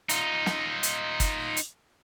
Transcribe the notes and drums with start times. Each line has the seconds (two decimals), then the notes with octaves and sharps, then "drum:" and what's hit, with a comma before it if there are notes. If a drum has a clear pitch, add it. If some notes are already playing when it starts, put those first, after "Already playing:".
0.09 D#4 F4, drum: hi-hat
0.46 drum: snare
0.83 drum: hi-hat
1.20 drum: kick G1, hi-hat
1.57 drum: hi-hat